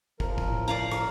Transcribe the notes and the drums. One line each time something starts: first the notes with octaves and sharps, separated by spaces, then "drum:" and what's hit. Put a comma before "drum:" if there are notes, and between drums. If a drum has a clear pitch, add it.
F3 A#4, drum: kick
drum: kick
A2
D5 F5 A#5
drum: rim click